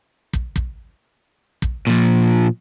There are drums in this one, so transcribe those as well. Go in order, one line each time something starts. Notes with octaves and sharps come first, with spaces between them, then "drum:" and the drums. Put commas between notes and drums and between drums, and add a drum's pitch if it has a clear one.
drum: kick
drum: kick
drum: kick
A#2 F3